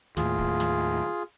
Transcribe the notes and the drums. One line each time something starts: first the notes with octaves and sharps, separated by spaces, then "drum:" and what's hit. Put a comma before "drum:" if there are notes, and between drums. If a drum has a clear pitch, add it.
D#2 A2 F4 G#4, drum: snare
drum: kick
drum: snare